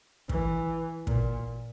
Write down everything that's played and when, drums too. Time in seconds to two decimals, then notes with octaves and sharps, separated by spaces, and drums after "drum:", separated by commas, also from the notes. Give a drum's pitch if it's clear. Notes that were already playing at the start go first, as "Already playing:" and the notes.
0.29 E3, drum: kick
1.07 A#2, drum: kick